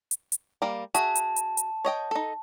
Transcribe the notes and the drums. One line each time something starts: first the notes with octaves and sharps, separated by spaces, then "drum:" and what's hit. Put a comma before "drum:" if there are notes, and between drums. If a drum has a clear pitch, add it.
drum: hi-hat
drum: hi-hat
G3 A#3
F#4 G#4 E5 A5, drum: hi-hat
drum: hi-hat
drum: hi-hat
drum: hi-hat
C#5 D#5 G5
D#4 A4